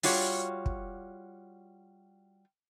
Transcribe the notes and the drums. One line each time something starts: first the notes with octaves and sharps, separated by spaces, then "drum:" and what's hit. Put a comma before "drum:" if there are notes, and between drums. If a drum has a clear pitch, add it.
G3 F4 F#4 C#5, drum: open hi-hat
drum: kick